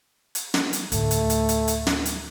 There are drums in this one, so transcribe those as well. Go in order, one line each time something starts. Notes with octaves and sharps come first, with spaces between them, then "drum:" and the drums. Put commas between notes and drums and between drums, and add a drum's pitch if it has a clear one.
drum: hi-hat
drum: snare
drum: hi-hat
D2 A2 A3, drum: hi-hat
drum: hi-hat
drum: hi-hat
drum: hi-hat
drum: hi-hat
drum: snare
drum: hi-hat